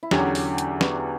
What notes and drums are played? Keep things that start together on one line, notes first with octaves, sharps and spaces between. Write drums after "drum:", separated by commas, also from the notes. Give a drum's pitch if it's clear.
E4
E2 D3 F#3 C#4 D4 F#4 G4, drum: snare
drum: open hi-hat
drum: hi-hat
B3 D4, drum: snare